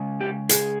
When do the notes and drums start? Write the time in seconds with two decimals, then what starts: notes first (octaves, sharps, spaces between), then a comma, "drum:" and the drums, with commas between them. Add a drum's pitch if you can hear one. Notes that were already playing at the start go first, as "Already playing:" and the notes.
Already playing: C#3 G#3 C#4
0.21 G4
0.49 G#4, drum: hi-hat